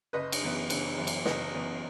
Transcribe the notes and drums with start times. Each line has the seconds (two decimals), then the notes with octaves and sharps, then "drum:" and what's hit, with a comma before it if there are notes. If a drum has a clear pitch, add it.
0.13 F#1 B4 D#5
0.32 drum: cymbal
0.41 F#2 E3 B3
0.70 F#1, drum: cymbal
0.98 F#2 E3 B3
1.07 drum: cymbal
1.25 F#1 B4 D#5, drum: snare
1.53 F#2 E3 B3